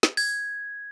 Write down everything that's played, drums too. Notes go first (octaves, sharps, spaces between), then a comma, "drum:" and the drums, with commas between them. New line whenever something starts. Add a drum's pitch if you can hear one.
drum: snare
G#6, drum: open hi-hat